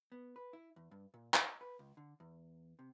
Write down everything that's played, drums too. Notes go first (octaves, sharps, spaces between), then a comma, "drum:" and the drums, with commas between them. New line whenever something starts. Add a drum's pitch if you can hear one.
B3
B4
E4
E2
G2
A#2
D#5, drum: clap
B4
C#2
D3
E2
C3